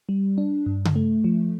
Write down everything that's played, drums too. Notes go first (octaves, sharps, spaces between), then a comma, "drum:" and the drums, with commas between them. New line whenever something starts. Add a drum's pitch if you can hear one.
G3
D4
G2
drum: tom C#3
A3
F3